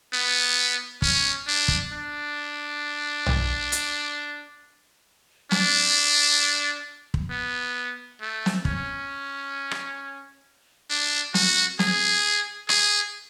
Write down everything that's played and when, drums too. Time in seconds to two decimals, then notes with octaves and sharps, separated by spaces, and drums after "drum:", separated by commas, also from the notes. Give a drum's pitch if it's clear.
0.13 B3
1.02 C#4, drum: kick
1.47 D4
1.68 drum: kick
1.93 D4
3.26 drum: tom B1
3.72 drum: hi-hat
5.52 D4, drum: snare
7.14 drum: kick
7.30 B3
8.21 A3
8.46 drum: snare
8.65 C#4, drum: kick
9.71 drum: rim click
10.90 D4
11.34 F#4, drum: snare
11.79 G#4, drum: snare
12.69 G#4, drum: rim click